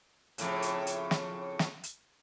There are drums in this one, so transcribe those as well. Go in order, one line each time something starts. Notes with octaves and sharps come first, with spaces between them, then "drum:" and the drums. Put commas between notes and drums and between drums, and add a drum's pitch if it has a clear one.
F2 A2 C#3, drum: hi-hat
drum: hi-hat
drum: hi-hat
drum: snare
drum: snare
drum: hi-hat